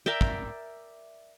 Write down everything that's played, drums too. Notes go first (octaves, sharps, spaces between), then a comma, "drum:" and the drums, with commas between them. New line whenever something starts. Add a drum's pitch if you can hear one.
A#4 D5 E5 G5
drum: kick